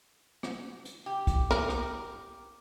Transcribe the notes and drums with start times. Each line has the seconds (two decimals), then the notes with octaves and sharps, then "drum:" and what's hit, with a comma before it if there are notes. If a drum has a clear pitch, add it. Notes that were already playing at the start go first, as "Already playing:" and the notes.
0.43 drum: rim click
0.85 drum: hi-hat
1.06 G4
1.27 drum: kick, hi-hat
1.51 A#4, drum: rim click
1.69 drum: rim click